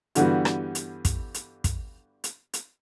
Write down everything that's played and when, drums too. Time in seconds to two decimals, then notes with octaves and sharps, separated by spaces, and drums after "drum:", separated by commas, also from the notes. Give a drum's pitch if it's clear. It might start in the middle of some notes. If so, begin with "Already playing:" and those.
0.15 G2 D3 E3 G3 B3 F#4, drum: hi-hat
0.45 drum: rim click
0.75 drum: hi-hat
1.05 drum: kick, hi-hat
1.34 drum: hi-hat
1.64 drum: kick, hi-hat
2.24 drum: hi-hat
2.53 drum: hi-hat